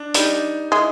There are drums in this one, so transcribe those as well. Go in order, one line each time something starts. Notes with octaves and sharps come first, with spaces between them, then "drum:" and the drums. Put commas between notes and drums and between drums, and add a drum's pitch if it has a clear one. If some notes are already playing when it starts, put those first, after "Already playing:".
Already playing: D4
G3 D#4, drum: hi-hat
G#3 E4